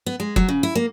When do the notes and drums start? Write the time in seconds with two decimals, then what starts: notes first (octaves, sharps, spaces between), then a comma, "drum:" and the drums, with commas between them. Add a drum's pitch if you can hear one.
0.06 B3
0.20 G#3
0.36 F#3, drum: kick F#1
0.49 C#3
0.63 E4
0.75 A#3